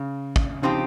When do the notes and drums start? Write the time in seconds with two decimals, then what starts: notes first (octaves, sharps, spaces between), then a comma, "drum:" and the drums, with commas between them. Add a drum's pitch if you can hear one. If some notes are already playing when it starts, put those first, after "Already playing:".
Already playing: C#3
0.36 drum: kick
0.62 C#3 F3 C4 D#4 G4